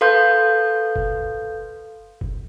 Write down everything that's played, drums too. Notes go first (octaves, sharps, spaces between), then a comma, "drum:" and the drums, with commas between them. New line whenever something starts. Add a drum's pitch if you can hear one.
A4 B4 F5 C6 G6
drum: kick F1
drum: kick F1